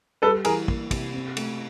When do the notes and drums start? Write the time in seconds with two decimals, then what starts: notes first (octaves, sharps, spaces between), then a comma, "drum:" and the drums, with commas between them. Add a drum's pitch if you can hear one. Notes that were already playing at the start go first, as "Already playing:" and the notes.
0.22 G3 A4 B4
0.45 E3 G#4 A#4, drum: cymbal
0.68 A#3, drum: kick
0.91 C3, drum: kick, cymbal
1.14 C4
1.37 A3, drum: cymbal